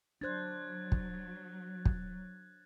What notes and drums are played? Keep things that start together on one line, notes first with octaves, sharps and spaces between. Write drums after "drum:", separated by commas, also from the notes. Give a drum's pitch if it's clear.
F#3 D4 C5 F#6 G#6 A6
drum: kick
drum: kick